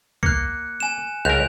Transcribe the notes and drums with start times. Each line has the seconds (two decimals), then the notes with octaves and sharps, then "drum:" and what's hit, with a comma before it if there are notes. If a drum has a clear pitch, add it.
0.23 A#3 F#6 C#7, drum: kick
0.80 G#5 E7
1.25 C#2 A#4 F#6 G6 F7